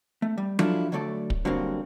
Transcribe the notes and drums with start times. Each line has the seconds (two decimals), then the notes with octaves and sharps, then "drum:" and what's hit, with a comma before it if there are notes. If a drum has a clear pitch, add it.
0.22 A3
0.38 G3
0.59 F3 F#3 D4 E4 F4 A4, drum: tom F#3
0.92 D3 F#3 A3 A4 D5
1.30 drum: kick
1.45 D3 F#3 G3 A#3 C4